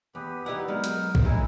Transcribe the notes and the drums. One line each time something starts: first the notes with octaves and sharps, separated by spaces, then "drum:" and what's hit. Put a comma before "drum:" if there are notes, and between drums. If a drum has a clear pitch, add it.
E2 B3 G4 B4
G3 D#4 E4 G4 B4 F#5
F#3 G#3 B3 D#4 A#4
drum: hi-hat
drum: kick B1
A#2 C#3 G#3 D#4 E4